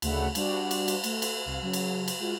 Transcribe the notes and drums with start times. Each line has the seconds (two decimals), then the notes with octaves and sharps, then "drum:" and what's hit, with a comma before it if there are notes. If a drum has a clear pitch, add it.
0.02 D2 C#3 A3 F#5 B5, drum: cymbal
0.35 G3 D4 F#4, drum: cymbal
0.71 drum: cymbal
0.88 drum: cymbal
1.04 A3, drum: cymbal
1.22 drum: cymbal
1.43 C2 F5
1.62 C#3 F#3
1.73 drum: cymbal
2.08 drum: cymbal
2.19 G#3 F4 F#4